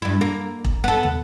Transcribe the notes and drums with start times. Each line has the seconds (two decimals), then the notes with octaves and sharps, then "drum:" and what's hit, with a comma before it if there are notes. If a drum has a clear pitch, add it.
0.02 G2 E4
0.21 A#3
0.65 drum: kick E1
0.84 B3 A4
1.03 drum: tom